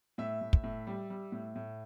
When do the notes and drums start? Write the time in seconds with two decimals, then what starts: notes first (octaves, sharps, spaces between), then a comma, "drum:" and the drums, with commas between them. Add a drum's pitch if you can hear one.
0.18 A2 E5
0.41 A2
0.53 drum: kick
0.64 A2
0.87 G3
1.10 G3
1.32 A2
1.55 A2